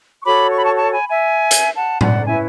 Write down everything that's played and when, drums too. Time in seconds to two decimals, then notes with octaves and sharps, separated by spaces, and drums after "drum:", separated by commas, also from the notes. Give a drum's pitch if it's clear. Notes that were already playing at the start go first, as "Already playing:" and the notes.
0.20 C#6
0.24 F#4 A4 C#5 B5 D6
0.49 C#6
0.57 B5
0.64 A5 C#6
0.75 A5 C#6
0.92 G#5 B5
1.09 E5 G#5
1.51 drum: hi-hat
1.76 F#5 A5
2.01 D5 F#5, drum: tom A2
2.26 C#4 E4 B4 E5 G#5